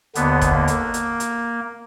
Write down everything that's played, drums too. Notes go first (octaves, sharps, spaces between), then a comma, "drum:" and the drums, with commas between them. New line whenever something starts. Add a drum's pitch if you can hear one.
D#2 D3 B3, drum: hi-hat
drum: kick F#1, hi-hat
A#3
drum: hi-hat
drum: hi-hat
drum: hi-hat